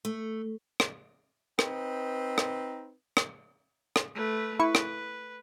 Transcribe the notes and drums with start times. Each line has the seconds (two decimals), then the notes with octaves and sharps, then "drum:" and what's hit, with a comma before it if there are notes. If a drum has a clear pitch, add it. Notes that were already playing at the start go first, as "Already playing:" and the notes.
0.05 A3
0.80 drum: rim click
1.59 C4 D#4 B4, drum: rim click
2.38 drum: rim click
3.17 drum: rim click
3.96 drum: rim click
4.15 A3 B4
4.60 E4 B4 C#6
4.75 drum: rim click